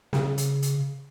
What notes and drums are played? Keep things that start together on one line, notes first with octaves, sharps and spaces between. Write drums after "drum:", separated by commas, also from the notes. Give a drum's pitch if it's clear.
C#3, drum: snare
drum: hi-hat
drum: hi-hat